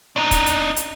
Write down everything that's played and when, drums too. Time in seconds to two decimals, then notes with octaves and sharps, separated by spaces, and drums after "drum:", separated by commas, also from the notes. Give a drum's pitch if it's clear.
0.16 D4 D#4
0.31 drum: kick, hi-hat
0.46 drum: hi-hat
0.76 drum: hi-hat